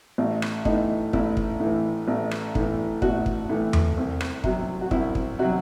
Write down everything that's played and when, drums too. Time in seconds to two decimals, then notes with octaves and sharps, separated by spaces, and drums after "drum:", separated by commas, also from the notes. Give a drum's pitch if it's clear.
0.18 A1
0.42 drum: rim click
0.65 A2 E3 D#4, drum: kick
1.13 A1 E4, drum: kick
1.37 drum: kick
1.60 A2 E3
2.08 A1
2.31 drum: rim click
2.55 A2 E3, drum: kick
3.02 A1 F#4, drum: kick
3.26 drum: kick
3.50 A2 E3
3.73 drum: tom E2
3.97 C2
4.21 drum: rim click
4.44 C3 F#3, drum: kick
4.81 F#4
4.91 C2 E4, drum: kick
5.15 drum: kick
5.39 C3 F#3 F#4